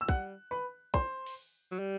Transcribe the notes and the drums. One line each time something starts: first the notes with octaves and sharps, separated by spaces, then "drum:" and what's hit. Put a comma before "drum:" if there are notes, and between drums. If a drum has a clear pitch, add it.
E6
G3 F#5 F#6, drum: kick
B4 B5
C5 C6, drum: kick
drum: open hi-hat
F#3
G3